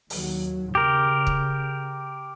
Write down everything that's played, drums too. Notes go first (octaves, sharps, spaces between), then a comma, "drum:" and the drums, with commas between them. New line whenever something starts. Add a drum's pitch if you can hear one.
D#2 F#3, drum: open hi-hat
C#3 G4 A#4
drum: kick